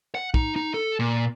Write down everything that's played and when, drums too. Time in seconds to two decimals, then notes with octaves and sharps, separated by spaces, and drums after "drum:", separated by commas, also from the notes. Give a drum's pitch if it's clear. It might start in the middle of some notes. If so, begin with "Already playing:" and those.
0.15 F#5
0.34 D#4, drum: kick
0.56 D#4
0.74 A4
0.99 A#2